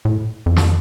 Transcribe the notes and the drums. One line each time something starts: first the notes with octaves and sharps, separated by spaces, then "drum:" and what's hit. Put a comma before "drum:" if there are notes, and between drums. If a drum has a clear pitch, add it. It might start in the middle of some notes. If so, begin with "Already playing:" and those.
A2
F2
drum: snare